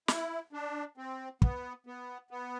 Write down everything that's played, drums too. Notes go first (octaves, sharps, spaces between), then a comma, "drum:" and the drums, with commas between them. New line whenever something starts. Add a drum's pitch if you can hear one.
E4, drum: snare
D4
C4
B3, drum: kick
B3
B3